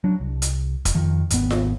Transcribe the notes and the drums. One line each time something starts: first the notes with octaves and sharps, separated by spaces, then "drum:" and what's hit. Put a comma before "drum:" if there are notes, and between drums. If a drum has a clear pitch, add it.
F#3 D4
C2
drum: hi-hat
drum: kick, hi-hat
F2 D#3 F3
G#1 D#2 B3, drum: hi-hat
drum: snare F4